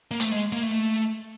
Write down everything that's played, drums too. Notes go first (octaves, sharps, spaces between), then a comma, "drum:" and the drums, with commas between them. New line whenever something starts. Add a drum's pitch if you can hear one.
A#3
A3, drum: hi-hat
G#3
A#3
A3